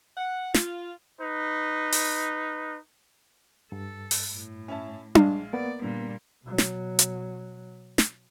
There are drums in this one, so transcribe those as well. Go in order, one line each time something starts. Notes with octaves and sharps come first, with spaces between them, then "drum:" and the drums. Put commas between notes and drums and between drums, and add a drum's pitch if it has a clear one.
F#5
F4, drum: snare
D#4 B4
drum: open hi-hat
G2 A4
drum: open hi-hat
A2
C#4 E4 A5
A#1 G#3 F5, drum: tom D4
A#3 B3 A#4 D5
A#2 D3 G3
B2 F#3
drum: snare
drum: hi-hat
drum: snare